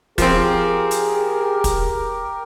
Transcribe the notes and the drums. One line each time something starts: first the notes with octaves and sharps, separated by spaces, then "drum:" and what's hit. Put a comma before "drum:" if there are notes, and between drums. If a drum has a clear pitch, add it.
F3 C4 G4 G#4 A#4, drum: kick, hi-hat
drum: hi-hat
drum: kick, hi-hat